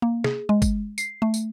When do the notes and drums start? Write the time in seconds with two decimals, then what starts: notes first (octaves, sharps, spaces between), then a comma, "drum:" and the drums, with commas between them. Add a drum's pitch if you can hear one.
0.02 A#3
0.24 G#4, drum: snare
0.49 G#3
0.62 drum: kick, tambourine
0.98 C7, drum: tambourine
1.22 A3
1.34 drum: tambourine